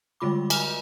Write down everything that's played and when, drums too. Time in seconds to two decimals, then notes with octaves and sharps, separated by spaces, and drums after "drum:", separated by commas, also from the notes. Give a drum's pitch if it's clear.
0.20 D3 G3 G#3 F4 B5 D6
0.50 G#5 F6 F7, drum: cymbal